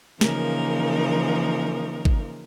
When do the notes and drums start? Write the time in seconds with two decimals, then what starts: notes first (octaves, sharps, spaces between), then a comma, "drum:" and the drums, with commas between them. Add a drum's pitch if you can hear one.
0.21 C#3 E3 F3 A#3 D#4 A#4, drum: snare
2.05 drum: kick